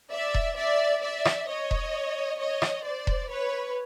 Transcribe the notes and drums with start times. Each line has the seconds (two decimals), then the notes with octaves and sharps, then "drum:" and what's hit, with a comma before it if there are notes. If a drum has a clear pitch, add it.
0.11 D5 E5
0.34 drum: kick E1
0.57 D5 E5
1.02 D5 E5
1.25 drum: rim click
1.48 C#5 D#5
1.71 drum: kick E1
2.39 C#5 D#5
2.62 drum: rim click
2.84 C5 D5
3.07 drum: kick E1
3.30 B4 C#5